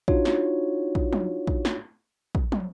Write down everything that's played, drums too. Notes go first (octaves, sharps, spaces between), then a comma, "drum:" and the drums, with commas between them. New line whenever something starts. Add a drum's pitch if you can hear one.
D4 D#4 F4 F#4 C#5, drum: kick
drum: snare
drum: kick
drum: tom
drum: kick
drum: snare
drum: kick
drum: tom